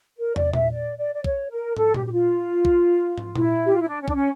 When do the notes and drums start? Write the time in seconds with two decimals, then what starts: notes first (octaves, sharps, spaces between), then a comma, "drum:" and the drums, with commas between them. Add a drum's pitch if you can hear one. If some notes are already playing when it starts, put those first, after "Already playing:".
0.18 A#4
0.36 D5, drum: tom
0.53 E5, drum: tom A#2
0.71 D5
0.98 D5
1.14 D5
1.24 C#5, drum: kick
1.50 A#4
1.77 A4, drum: tom
1.94 G4, drum: tom A#2
2.06 G4
2.12 F4
2.65 drum: kick
3.18 drum: tom
3.35 E4, drum: tom A#2
3.66 G4
3.73 F4
3.81 E4
3.88 D4
4.01 C#4
4.08 D4, drum: kick
4.14 C#4